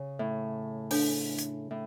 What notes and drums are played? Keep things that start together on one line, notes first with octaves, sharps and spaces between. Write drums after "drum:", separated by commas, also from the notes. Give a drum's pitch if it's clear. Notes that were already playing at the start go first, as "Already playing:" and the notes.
Already playing: C#3
A2
D4 A4 C#5 G#5, drum: open hi-hat
drum: hi-hat
A2